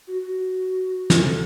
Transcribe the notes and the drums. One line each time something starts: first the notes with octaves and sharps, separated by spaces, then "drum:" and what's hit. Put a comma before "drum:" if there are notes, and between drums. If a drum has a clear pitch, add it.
F#4
F#4
drum: snare
A4